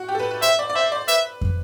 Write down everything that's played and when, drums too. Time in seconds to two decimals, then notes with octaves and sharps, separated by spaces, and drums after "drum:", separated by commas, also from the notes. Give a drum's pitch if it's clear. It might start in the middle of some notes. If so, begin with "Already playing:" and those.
Already playing: F#4
0.09 G4
0.15 A4
0.20 B4
0.31 B4
0.42 C5 E5, drum: hi-hat
0.59 D5
0.70 D5
0.75 C5 E5
0.92 D5
1.08 B4 E5, drum: hi-hat
1.41 drum: kick